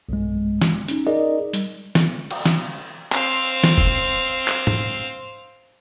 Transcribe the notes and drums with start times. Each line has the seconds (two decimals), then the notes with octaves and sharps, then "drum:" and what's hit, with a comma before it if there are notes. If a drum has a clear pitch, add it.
0.09 B1 G2 G#3
0.62 drum: snare
0.88 C#4 D#4, drum: hi-hat
1.07 D#4 G#4 A#4 D5 D#5
1.53 G3, drum: hi-hat
1.95 drum: snare
2.31 drum: cymbal
2.46 drum: snare
3.12 C4 F5, drum: clap
3.64 drum: snare
3.78 drum: kick
4.48 drum: clap
4.67 drum: tom G#2